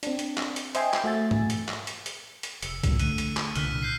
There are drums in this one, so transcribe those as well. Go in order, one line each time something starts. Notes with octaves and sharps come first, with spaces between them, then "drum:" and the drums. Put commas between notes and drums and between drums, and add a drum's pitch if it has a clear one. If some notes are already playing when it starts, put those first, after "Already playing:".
C4 D4, drum: hi-hat
drum: hi-hat
drum: clap
drum: hi-hat
C5 D#5 E5 G5 G#5 C6, drum: hi-hat
drum: clap
A3 F#4 E5 G#5 A6
drum: tom G#2
drum: hi-hat
drum: clap
drum: hi-hat
drum: hi-hat
drum: hi-hat
F1 E6 C#7, drum: hi-hat
B1 G2 A#2, drum: kick C2, hi-hat
D3 A3 F#6 D#7, drum: hi-hat
drum: hi-hat
drum: clap
C2 A#2 D3 F6 F#6 B6, drum: hi-hat
F#6 G6 C7